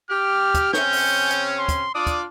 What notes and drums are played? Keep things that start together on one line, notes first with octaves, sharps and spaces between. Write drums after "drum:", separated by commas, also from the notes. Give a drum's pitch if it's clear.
G4 F6
drum: kick, hi-hat
C#3 C4 C#4 G6, drum: snare
drum: open hi-hat
drum: hi-hat
C6
drum: kick, hi-hat
D4 F4 D5 D#6
drum: kick, hi-hat